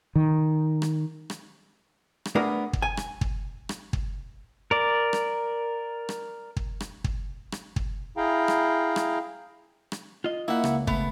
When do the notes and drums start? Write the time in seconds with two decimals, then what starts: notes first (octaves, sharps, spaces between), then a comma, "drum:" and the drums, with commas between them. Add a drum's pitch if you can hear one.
0.15 D#3
0.82 drum: rim click
1.30 drum: rim click
2.25 drum: rim click
2.35 A3 B3 D4 G#4 A#4
2.73 drum: kick
2.82 G#5
2.97 drum: rim click
3.21 drum: kick
3.69 drum: rim click
3.93 drum: kick
4.71 A#4 D5
5.13 drum: rim click
6.09 drum: rim click
6.56 drum: kick
6.80 drum: rim click
7.04 drum: kick
7.52 drum: rim click
7.76 drum: kick
8.17 E4 G#4 F5 G5 A#5
8.48 drum: rim click
8.96 drum: rim click
9.92 drum: rim click
10.24 F4 D#5
10.48 A#3 E4 F#5
10.64 C#2, drum: rim click
10.87 A3 B3, drum: kick